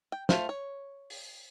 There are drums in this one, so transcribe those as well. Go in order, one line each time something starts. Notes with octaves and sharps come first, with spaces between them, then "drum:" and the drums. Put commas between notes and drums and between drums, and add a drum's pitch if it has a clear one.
G5
A3 F4 C5, drum: snare
C#5
drum: open hi-hat